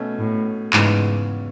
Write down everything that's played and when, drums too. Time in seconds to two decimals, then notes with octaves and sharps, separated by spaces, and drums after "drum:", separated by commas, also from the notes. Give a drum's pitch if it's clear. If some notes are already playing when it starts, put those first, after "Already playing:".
Already playing: B2 A3 C#4
0.19 A2
0.73 E2 G#2 C#3 E3 B3, drum: clap